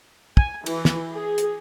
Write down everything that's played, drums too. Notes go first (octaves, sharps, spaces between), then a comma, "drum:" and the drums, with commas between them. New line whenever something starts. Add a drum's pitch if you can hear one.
G#5, drum: kick
E3, drum: cymbal
drum: snare
G#4
drum: hi-hat